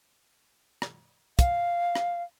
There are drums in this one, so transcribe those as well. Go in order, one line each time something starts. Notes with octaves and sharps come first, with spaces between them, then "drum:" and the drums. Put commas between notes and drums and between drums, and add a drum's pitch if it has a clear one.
drum: rim click
F5, drum: kick, hi-hat
drum: rim click